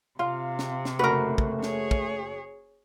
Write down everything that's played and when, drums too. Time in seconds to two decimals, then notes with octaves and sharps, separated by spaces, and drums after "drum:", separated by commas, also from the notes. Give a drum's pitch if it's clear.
0.19 C3 F4 F5
0.59 drum: snare
0.85 drum: snare
0.99 F#1 A3 F#4 A#4 B4
1.38 drum: kick
1.63 G#4 C#5, drum: snare
1.91 drum: kick